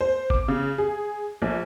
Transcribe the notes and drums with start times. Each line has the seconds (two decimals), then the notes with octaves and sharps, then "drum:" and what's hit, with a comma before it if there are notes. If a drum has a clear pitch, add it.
0.01 C5
0.30 D6, drum: kick G1
0.48 C#3
0.78 G#4
1.42 A#1